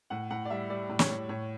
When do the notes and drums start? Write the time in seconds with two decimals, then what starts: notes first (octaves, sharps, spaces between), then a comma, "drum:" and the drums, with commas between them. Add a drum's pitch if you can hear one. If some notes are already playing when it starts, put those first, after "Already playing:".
0.10 A2 F#5
0.30 A2 F#5
0.45 D5
0.50 G3 E5
0.70 G3 D5
0.89 A2
0.99 C#5, drum: snare
1.09 A2
1.29 A2 C#5